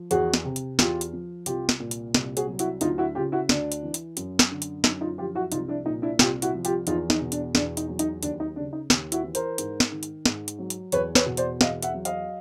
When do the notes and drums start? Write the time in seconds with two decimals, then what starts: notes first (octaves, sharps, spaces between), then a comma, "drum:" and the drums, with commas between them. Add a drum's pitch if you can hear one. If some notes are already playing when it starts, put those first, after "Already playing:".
Already playing: F3
0.11 E2 F#4 G#4, drum: hi-hat
0.34 drum: snare
0.45 C3
0.56 drum: hi-hat
0.79 E2 F4 G4, drum: snare
1.01 drum: hi-hat
1.13 F3
1.46 C2 F4 G4, drum: hi-hat
1.69 drum: snare
1.80 A#2
1.91 drum: hi-hat
2.14 C2, drum: snare
2.37 F#4 G#4, drum: hi-hat
2.48 F#3
2.59 E4 F#4, drum: hi-hat
2.81 D2 D#4 F4, drum: hi-hat
2.98 E4 F#4
3.15 C#3 F4 G4
3.32 E4 F#4
3.49 D2 D4, drum: snare
3.72 drum: hi-hat
3.83 E3
3.94 drum: hi-hat
4.17 F#2, drum: hi-hat
4.39 drum: snare
4.51 D3
4.62 drum: hi-hat
4.84 F#2 D#4, drum: snare
5.01 D#4 F4
5.18 F3 F4 G4
5.35 E4 F#4
5.52 C2 D#4 F4, drum: hi-hat
5.68 D4 E4
5.85 A#2 D#4
6.02 D4 E4
6.19 C2 F4 G4, drum: snare
6.42 E4 F#4, drum: hi-hat
6.54 F3
6.65 F4 G4, drum: hi-hat
6.87 E2 D#4 F4, drum: hi-hat
7.10 D#4, drum: snare
7.21 B2
7.32 D4, drum: hi-hat
7.55 E2 D4, drum: snare
7.77 D#4, drum: hi-hat
7.89 F#3
7.99 D#4, drum: hi-hat
8.23 D#2 D4, drum: hi-hat
8.40 D#4
8.56 C#3 D4
8.73 D#4
8.90 D#2, drum: snare
9.12 E4 F#4, drum: hi-hat
9.23 E3
9.35 A#4 C5, drum: hi-hat
9.58 G#2, drum: hi-hat
9.80 drum: snare
9.92 D#3
10.03 drum: hi-hat
10.25 G#2, drum: snare
10.48 drum: hi-hat
10.58 F#3
10.70 drum: hi-hat
10.92 E2 B4 C#5, drum: hi-hat
11.15 B4 C#5, drum: snare
11.26 B2
11.37 C5 D5, drum: hi-hat
11.61 E2 D#5 F5, drum: snare
11.82 E5 F#5, drum: hi-hat
11.94 F#3
12.05 D#5 F5, drum: hi-hat